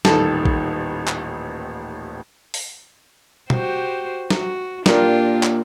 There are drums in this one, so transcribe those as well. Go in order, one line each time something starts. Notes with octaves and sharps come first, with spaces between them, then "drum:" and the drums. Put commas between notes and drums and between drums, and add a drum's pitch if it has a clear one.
D#1 A1 D#3 A4, drum: snare
drum: kick
drum: clap
drum: open hi-hat
F#4 G4 C5, drum: tom B2
F#4, drum: snare
A#2 D4 F4 G4 A#4, drum: snare
drum: clap